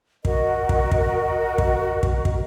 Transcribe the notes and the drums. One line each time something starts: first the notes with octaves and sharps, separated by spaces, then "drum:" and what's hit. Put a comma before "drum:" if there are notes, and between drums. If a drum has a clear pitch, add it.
F#4 A#4 D#5, drum: kick
drum: kick
drum: kick
drum: kick
drum: kick
drum: kick